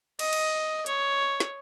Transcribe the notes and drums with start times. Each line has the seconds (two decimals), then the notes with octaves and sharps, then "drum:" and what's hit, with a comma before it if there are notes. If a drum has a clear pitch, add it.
0.19 D#5, drum: cymbal
0.33 drum: cymbal
0.86 C#5, drum: hi-hat
1.40 drum: snare